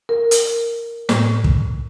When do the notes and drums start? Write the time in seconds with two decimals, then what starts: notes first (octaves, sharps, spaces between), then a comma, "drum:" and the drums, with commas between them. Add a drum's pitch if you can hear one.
0.09 A#4
0.31 drum: hi-hat
1.09 A2, drum: snare
1.44 drum: kick